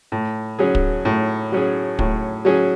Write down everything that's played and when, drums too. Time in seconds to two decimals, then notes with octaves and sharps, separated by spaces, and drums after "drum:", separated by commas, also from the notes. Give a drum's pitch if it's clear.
0.12 A2
0.59 F#3 C#4 G#4
0.75 drum: kick
1.05 A2
1.52 F#3 C#4 G#4
1.99 A2, drum: kick
2.45 F#3 C#4 G#4